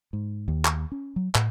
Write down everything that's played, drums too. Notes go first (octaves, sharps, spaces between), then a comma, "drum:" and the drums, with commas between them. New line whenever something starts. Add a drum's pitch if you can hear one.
G#2
D#2
drum: clap
C#4
F#3
A2, drum: clap